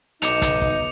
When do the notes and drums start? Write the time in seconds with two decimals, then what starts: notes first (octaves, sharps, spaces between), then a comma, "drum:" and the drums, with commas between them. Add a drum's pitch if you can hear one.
0.22 B1 D#4 D6 C#7 F7, drum: hi-hat
0.42 drum: kick, hi-hat
0.62 drum: kick